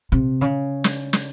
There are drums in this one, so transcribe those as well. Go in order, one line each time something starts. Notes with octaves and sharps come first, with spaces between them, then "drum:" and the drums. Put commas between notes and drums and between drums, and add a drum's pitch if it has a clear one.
C3
C#3
drum: snare
drum: snare